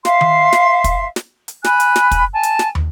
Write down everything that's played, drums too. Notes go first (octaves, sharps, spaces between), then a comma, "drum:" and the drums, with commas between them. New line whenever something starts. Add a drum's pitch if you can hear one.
E5 F5 C6, drum: snare
drum: tom D#3
drum: snare
drum: kick, hi-hat
drum: snare
drum: hi-hat
G#5 B5 F#6, drum: snare
drum: hi-hat
drum: snare
drum: kick, hi-hat
G#5 A5
drum: hi-hat
drum: snare
drum: tom